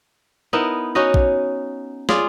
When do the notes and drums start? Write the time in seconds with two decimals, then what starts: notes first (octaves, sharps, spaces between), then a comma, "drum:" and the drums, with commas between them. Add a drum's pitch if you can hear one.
0.53 B3 D#4 E4 A#4
0.95 C#4 D#4 F#4 D#5
1.14 drum: kick A#1
2.09 F4 G#4 D5, drum: snare